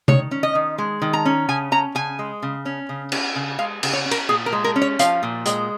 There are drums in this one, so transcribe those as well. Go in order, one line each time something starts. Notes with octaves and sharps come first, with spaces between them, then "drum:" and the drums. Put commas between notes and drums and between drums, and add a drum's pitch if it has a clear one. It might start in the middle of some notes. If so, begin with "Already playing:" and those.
D#3 C#5, drum: tom C3
C#4
D#5
D#3
G#3
D#3
A#5
C#4
C#3 G#5
C#4 A#5
C#3 G#5
G#3
C#3
C#4
C#3
C#4, drum: cymbal
C#3
G#3 F5
C#3, drum: cymbal
C#5
C#4
A#4, drum: cymbal
A#2 G#4
A#4
G#3
A#4
C#4
C#5
F3 F5, drum: hi-hat
A#2
G#3, drum: hi-hat